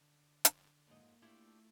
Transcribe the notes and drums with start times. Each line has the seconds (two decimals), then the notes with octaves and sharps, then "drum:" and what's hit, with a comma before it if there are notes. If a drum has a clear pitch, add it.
0.01 D3
0.45 drum: hi-hat
0.87 F2 G#2 A#3 D#5
1.22 A3 D4 E4 F4 G4